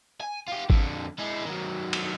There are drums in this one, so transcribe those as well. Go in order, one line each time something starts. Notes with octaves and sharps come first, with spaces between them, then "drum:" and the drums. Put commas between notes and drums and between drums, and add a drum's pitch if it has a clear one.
G#5
F4 G4
F2 D3, drum: kick G#1
G#3 E4
D#3 F#3
drum: cymbal